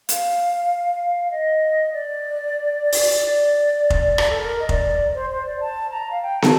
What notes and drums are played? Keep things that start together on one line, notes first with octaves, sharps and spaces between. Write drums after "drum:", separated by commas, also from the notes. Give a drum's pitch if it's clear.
F5, drum: hi-hat
D#5
D5
drum: open hi-hat
D5
drum: kick F1
drum: rim click
A4
A#4
D#5
D5, drum: kick F1
C5
C5
D5
A5
A#5
F5
G5
A5, drum: snare